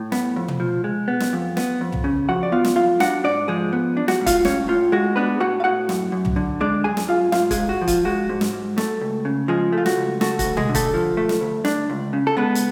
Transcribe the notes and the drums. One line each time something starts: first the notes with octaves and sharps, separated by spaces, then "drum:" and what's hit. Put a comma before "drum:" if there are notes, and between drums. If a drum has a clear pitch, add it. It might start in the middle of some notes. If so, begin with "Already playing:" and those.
Already playing: A2
B3, drum: snare
F2
drum: tom
F3
G#3
B3
drum: snare
F2
B3, drum: snare
F2
drum: tom
C#3
F3 F#4 F#5
D5
B3 F4 F5
drum: snare
F2 F4 F5
D4 F#4 F#5, drum: snare
G#2 D4 D5
F3 G#3 G#4
B3
D4
F#4 F#5, drum: snare
G#2
F4 F5, drum: kick, hi-hat
A2 C#4 C#5, drum: snare
A2 F4
G#3 F#4
B3 D4 B4
A2 F#4 F#5
F5
A2 F#4 F#5
F#2, drum: snare
F#2
drum: tom
D3
G#3 D4 D5
F#2 G#4 G#5
drum: snare
F#2 F4 F5
G#2 F4 F5, drum: snare
G#3 G#4, drum: kick, hi-hat
G#2
F#4
F3
F4, drum: kick, hi-hat
G#3 F#4
G#2
drum: snare
G#2
A3, drum: snare
C#2
C#3
F3 G#3 G#4
A3
F4
F#4, drum: snare
C#2
A3 F#4, drum: snare
F#4, drum: kick, hi-hat
D2
G#3 G#4, drum: tom
D3
A3 A4, drum: kick, hi-hat
F3
A3
drum: snare
D2
D4, drum: snare
C#2
C#3
A4
G#3 B3 B4
drum: hi-hat